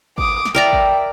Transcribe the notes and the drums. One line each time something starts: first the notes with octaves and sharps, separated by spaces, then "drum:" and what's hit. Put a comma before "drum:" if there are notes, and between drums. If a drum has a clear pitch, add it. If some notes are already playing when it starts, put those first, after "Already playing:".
D6 D#6, drum: kick G#1
drum: snare
A#4 D5 E5 G5 A#5
drum: kick G#1